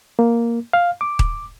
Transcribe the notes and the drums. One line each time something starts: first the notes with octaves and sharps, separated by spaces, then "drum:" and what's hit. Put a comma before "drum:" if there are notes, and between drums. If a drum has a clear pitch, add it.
A#3
F5
D6
drum: kick D#1